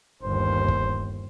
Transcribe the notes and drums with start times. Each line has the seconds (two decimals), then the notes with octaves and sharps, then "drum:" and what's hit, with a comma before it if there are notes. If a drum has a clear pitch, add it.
0.22 G1 D#2 C5
0.68 drum: kick